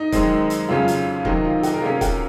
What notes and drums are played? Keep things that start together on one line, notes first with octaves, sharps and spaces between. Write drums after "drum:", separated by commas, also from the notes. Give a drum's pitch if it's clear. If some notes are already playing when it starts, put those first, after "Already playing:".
Already playing: D#4
F#2 D#3 G#3 C4, drum: kick C#1, hi-hat
drum: hi-hat
F2 C#3 F#3 C#4 F4
drum: hi-hat
C3 D#3 F#3 C4 D#4, drum: kick C#1
F4
D#4 F#4, drum: hi-hat
A#4
C3 F3 A#3 C#4 F4 G#4
F#4 A#4, drum: kick C#1, hi-hat